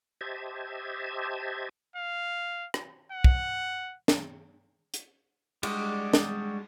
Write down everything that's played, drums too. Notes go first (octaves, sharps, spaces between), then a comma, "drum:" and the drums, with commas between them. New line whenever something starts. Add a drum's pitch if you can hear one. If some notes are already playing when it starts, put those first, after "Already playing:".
G4 C5 D#5 E5 A5 G#6
F5
drum: rim click
F#5
drum: kick
drum: snare
drum: hi-hat
G3 G#3 D4 F#4 G4, drum: cymbal
drum: snare